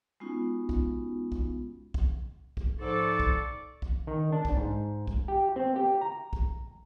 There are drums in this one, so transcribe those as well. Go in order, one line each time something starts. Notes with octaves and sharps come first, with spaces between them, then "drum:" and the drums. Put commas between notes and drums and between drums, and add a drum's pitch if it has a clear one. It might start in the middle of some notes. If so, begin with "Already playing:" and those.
G#3 B3 C#4 D#4 F4 F#4
drum: kick
drum: kick
drum: kick
drum: kick
G#2 F3 A4 D5 C#6
drum: kick
drum: kick
D#3
D4
drum: kick
G#2
drum: kick
G4
C4
G4
A#5
drum: kick